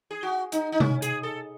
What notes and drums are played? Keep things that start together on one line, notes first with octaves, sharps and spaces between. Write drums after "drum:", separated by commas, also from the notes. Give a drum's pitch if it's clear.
G#4
F#4
D#4, drum: hi-hat
D#4
C#4, drum: tom C3
G#4, drum: hi-hat
A4